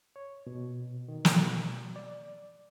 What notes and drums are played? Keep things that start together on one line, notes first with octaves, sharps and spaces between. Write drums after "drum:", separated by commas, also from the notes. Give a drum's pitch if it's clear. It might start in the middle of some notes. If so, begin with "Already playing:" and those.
C#5
B2
D#3
B2, drum: snare
D5